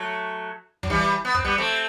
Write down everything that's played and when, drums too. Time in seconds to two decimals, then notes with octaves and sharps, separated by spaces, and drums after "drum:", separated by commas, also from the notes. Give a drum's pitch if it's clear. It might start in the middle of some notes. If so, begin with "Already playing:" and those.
Already playing: F#3 A3
0.83 F#3, drum: kick
0.90 E3 G3
1.25 B3
1.34 C4, drum: kick
1.44 G3 B3
1.58 A3 C4